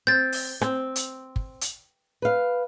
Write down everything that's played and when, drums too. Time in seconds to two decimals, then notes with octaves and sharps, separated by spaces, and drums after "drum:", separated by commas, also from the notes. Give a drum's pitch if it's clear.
0.07 C4 G6 A6
0.32 drum: open hi-hat
0.61 C4, drum: rim click
0.96 drum: hi-hat
1.36 drum: kick
1.61 drum: hi-hat
2.22 B4 F5